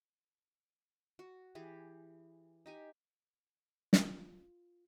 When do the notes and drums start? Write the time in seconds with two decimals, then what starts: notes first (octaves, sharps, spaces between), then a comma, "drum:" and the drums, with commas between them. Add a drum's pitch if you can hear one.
1.19 F#4
1.55 E3 G4 G#4
2.66 D#4 G4 G#5
3.93 F4, drum: snare